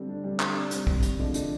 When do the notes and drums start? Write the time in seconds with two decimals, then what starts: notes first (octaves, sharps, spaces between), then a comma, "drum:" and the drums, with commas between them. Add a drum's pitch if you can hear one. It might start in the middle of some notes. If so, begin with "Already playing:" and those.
Already playing: D3 G3 C4
0.09 D4
0.24 D3 G3
0.40 D4, drum: clap
0.56 C4
0.71 C3 G3, drum: hi-hat
0.87 drum: kick
1.03 drum: hi-hat
1.18 D3 F3 G#3 D4
1.34 D4, drum: hi-hat